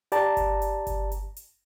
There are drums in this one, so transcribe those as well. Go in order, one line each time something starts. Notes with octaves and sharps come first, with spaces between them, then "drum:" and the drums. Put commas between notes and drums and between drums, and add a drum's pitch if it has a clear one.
G4 D5 A5 A#5, drum: hi-hat
drum: kick G1, hi-hat
drum: hi-hat
drum: kick G1, hi-hat
drum: hi-hat
drum: hi-hat